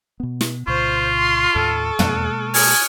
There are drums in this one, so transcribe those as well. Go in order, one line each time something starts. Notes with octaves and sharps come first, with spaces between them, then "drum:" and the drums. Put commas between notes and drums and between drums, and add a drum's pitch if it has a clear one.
B2 B3
drum: snare
C2 A#2 C#3 F4 C5 C#6
C6
D#2 A2 A4 F6 D7 D#7
B2 G#3 A#3 F#6 D7 D#7, drum: tom
G#5 D#6 F6 F7, drum: open hi-hat